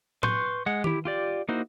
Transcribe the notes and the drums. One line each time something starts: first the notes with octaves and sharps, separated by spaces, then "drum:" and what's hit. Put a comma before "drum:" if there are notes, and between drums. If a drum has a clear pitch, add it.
B4 C6 C#6 G6, drum: tom A2
G#3 F#5
E4 G4, drum: tom D#3
F4 G4 D5
A#3 D#4 E4 F#4 C5